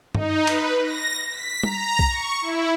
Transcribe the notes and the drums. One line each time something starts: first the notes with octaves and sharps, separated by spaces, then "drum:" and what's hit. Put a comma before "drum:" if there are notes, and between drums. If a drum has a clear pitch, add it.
D#4, drum: tom G2
B4, drum: cymbal
A#6
B6
A#5, drum: tom G3
drum: kick B1
C#6
E4